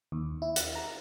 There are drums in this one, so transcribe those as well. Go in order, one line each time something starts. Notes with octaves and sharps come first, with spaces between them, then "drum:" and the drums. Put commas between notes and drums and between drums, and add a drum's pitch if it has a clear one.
D#2
E4
F#6, drum: hi-hat
A#5